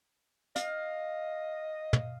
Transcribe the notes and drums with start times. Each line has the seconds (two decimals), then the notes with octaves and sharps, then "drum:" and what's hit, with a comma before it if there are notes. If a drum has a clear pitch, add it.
0.56 D#5 F5, drum: hi-hat
1.93 drum: tom